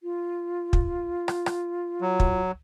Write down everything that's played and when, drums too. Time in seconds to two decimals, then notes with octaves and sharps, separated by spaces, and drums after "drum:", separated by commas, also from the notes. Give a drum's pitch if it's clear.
0.03 F4
0.73 drum: kick
1.28 drum: rim click
1.46 drum: rim click
2.01 F#3
2.20 drum: kick